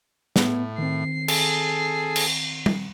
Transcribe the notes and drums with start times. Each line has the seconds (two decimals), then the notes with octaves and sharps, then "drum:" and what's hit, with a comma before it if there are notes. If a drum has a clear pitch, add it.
0.36 A2 B3, drum: snare
0.78 D#3 C4 C7
1.28 G#4 A4, drum: cymbal
2.16 drum: cymbal
2.66 drum: tom G3